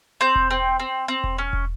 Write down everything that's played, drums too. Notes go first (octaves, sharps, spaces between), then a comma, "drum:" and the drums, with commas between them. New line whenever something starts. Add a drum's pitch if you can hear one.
C4 G6
drum: kick E1
C4
C4
C4
drum: kick E1
C#4
drum: kick E1